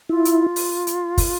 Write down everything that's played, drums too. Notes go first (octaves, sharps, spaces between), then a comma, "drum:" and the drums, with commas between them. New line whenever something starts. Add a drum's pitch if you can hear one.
E4 F4
drum: hi-hat
drum: open hi-hat
drum: hi-hat
drum: kick, open hi-hat